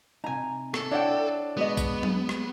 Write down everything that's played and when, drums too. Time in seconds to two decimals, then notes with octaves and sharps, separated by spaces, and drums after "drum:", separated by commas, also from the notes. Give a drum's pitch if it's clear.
0.24 C3 D#4 G#5 A#5
0.74 A4, drum: rim click
0.91 D4 E4 C#5 F#5 G5
1.57 G#3 B3 F#4 D#5
1.77 drum: kick, tambourine
2.03 drum: tom F#3
2.29 drum: rim click